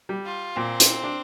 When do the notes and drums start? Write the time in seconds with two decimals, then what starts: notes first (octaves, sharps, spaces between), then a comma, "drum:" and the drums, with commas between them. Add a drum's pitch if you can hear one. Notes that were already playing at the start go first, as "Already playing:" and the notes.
0.09 G3
0.25 F4
0.56 A#2 C4
0.80 drum: hi-hat
1.03 D4